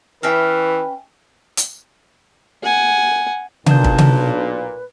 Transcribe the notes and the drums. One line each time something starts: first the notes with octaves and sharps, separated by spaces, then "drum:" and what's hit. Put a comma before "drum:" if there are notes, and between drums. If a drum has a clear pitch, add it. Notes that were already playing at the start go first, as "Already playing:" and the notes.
E3 C#4 B4 E5 G5
drum: hi-hat
F#5 G#5
B1 A#2 D4 B4 A5 G6, drum: tom C3
drum: kick
drum: tom C3